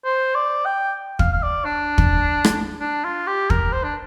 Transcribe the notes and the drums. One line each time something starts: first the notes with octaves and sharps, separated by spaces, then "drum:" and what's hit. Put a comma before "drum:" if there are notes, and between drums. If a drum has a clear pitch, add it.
C5
D5
G5
F5, drum: kick
F5
D5
D4
drum: kick
drum: rim click
D4
F4
G4
A#4, drum: kick
C5
D4